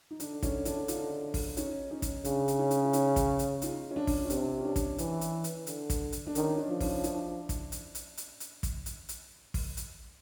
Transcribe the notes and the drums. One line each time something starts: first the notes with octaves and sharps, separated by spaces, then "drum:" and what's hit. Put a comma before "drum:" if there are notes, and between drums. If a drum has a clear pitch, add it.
D#4
D3 D4, drum: hi-hat
C#4 D#4, drum: kick, hi-hat
D4 E4, drum: hi-hat
D#4 F4, drum: hi-hat
drum: kick, open hi-hat
C#4 D#4, drum: hi-hat
C#4 D#4
drum: kick, hi-hat
C#3 D4, drum: hi-hat
drum: hi-hat
C#4 D#4
drum: hi-hat
E4
C#4 D#4, drum: hi-hat
drum: kick, hi-hat
drum: hi-hat
D#4 F4, drum: hi-hat
C#4
D4
drum: kick, open hi-hat
C#4
C3 D4, drum: hi-hat
C#4
D4
drum: kick, hi-hat
E3, drum: hi-hat
drum: hi-hat
drum: hi-hat
D3, drum: hi-hat
drum: kick, hi-hat
drum: hi-hat
D4
D#3 C#4, drum: hi-hat
D4
F3
C#4 D#4, drum: kick, open hi-hat
D4 E4, drum: hi-hat
drum: kick, hi-hat
drum: hi-hat
drum: hi-hat
drum: hi-hat
drum: hi-hat
drum: kick, hi-hat
drum: hi-hat
drum: hi-hat
drum: kick, open hi-hat
drum: hi-hat